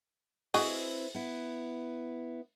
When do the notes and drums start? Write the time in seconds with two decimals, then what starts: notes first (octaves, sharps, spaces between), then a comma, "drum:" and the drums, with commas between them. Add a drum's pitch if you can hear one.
0.54 C4 E4 F#4 G#4 B4 D#5, drum: open hi-hat
1.14 B3 E4